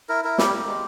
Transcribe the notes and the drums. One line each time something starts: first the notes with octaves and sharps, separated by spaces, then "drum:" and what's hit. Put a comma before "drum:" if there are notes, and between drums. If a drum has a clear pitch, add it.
E4 A#4
E4 A#4
G3 G4, drum: snare
A#3
G#3